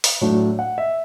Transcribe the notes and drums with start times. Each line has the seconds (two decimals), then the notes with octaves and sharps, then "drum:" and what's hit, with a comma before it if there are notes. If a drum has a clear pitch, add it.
0.04 drum: open hi-hat
0.21 A2 F#3 A3 D4
0.59 F#5
0.78 E5